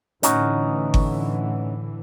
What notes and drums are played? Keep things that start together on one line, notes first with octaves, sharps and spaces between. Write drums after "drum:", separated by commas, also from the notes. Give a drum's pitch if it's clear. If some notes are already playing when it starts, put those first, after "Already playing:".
A2 D3 E3 C#4 D#4 F#4, drum: hi-hat
drum: kick G1